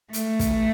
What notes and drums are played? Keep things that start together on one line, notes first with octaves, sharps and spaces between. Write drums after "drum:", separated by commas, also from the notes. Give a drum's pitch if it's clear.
A3, drum: hi-hat
drum: kick, hi-hat